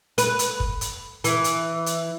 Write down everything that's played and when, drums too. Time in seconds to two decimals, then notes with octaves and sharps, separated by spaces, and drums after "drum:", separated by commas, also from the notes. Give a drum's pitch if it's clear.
0.18 B4, drum: hi-hat
0.39 drum: hi-hat
0.60 drum: kick
0.81 drum: hi-hat
1.24 E3, drum: hi-hat
1.44 drum: hi-hat
1.86 drum: hi-hat